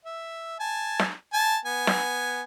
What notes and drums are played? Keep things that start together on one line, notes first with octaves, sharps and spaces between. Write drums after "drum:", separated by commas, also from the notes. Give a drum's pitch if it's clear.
E5
G#5 A5
drum: snare
G#5 A5
B3 G#5
drum: snare